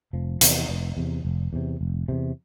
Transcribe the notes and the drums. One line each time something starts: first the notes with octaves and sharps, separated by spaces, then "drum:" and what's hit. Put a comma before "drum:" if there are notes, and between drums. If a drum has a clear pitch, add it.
F1 F3
E2 C3, drum: hi-hat
F1
E2 C3
F1
E2 C3
F1
E2 C3